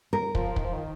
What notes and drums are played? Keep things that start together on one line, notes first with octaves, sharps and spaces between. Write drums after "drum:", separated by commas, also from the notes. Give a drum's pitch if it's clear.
A#4
F3, drum: kick
D#3, drum: kick
F3
D#3